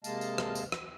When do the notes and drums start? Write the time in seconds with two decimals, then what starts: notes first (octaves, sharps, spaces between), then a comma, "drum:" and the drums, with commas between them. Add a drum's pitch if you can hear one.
0.04 C3 G#3 A#3 D#5 F5 A5, drum: tambourine
0.21 drum: tambourine
0.38 drum: rim click
0.55 drum: tambourine
0.72 drum: rim click